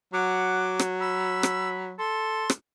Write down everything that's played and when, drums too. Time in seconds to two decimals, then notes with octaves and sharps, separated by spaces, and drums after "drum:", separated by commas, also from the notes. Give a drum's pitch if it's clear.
0.13 F#3 F#5 D6
0.79 drum: rim click
1.01 B5 E6
1.43 drum: rim click
1.99 A4 C6
2.50 drum: rim click